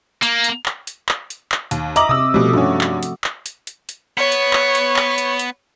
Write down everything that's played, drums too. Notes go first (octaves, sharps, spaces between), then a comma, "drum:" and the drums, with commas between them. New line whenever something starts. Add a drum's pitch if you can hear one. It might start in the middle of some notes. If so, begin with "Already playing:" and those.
A#3, drum: hi-hat
drum: hi-hat
drum: clap
drum: hi-hat
drum: clap
drum: hi-hat
drum: clap
D#2, drum: hi-hat
D#5 E5 A#5 D6 F#7, drum: hi-hat
C3 D#6 E6
B2 F3 G3 A3
G2 C#4 F#4
drum: clap
drum: hi-hat
drum: clap
drum: hi-hat
drum: hi-hat
drum: hi-hat
B3 C#5
drum: hi-hat
drum: clap
drum: hi-hat
drum: clap
drum: hi-hat
drum: hi-hat